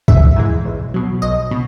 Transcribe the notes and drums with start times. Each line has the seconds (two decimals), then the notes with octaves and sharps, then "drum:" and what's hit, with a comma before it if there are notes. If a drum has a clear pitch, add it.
0.08 A1 E5, drum: kick C#2
0.36 G#2 E3 G#3
0.65 B1
0.94 B2 F#3
1.22 B1 D#5
1.51 B2